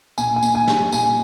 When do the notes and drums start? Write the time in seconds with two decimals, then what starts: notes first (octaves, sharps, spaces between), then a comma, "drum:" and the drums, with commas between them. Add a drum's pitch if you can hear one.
0.18 A#2 G#5, drum: tambourine
0.36 G#5
0.43 A#2, drum: tambourine
0.55 G#5
0.68 G3, drum: snare
0.92 A#2 G#5, drum: tambourine